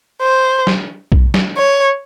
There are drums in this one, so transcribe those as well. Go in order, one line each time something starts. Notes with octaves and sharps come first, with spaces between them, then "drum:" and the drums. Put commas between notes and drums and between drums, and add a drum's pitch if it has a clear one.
C5
drum: snare
drum: kick B1
drum: snare
C#5